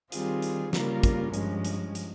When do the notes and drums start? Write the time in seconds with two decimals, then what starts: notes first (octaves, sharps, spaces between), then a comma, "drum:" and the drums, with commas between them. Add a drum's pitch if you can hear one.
0.12 D#3 G3 C4 F4 G#4, drum: hi-hat
0.42 drum: hi-hat
0.73 C#3 G3 A#3 F4 A#4, drum: snare
1.03 drum: kick, hi-hat
1.34 G2 F3 G#3 C#4, drum: hi-hat
1.65 drum: hi-hat
1.95 drum: hi-hat